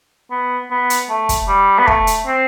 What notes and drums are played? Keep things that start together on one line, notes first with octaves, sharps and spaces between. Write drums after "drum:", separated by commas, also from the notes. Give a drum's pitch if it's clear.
B3
B3
drum: hi-hat
A3
drum: kick, hi-hat
G3
B3
A3, drum: kick
drum: hi-hat
C4